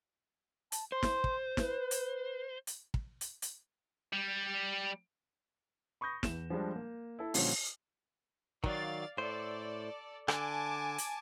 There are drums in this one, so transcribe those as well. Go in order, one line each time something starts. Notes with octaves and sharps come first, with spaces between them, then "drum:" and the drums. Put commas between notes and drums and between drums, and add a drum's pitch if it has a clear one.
A5, drum: hi-hat
C5 C6
drum: snare
drum: kick
B4, drum: snare
drum: hi-hat
drum: hi-hat
drum: kick
drum: hi-hat
drum: hi-hat
G3
B5 C#6 D#6 G6 A#6
E2 E7, drum: snare
F3 G3 G#3 D4
A#3
E4 A4
A#2 D3 F3 G3 C#4 F#4, drum: open hi-hat
D#3 F#3 D5 F5 A6, drum: kick
A2 A4 C5 D5
D3 G#5 A5 D6, drum: rim click
drum: hi-hat